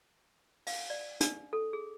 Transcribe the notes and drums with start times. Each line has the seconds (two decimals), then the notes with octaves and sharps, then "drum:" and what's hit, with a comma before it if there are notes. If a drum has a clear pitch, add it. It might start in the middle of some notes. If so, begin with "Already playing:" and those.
0.67 F5, drum: open hi-hat
0.90 D5
1.21 D4, drum: hi-hat
1.53 A4
1.73 G#4